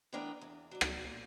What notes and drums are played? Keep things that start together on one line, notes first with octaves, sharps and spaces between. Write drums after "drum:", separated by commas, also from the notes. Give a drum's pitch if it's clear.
E3 A3 B3 D4 A#4 G5
E2
F#3 D5
drum: rim click
A#2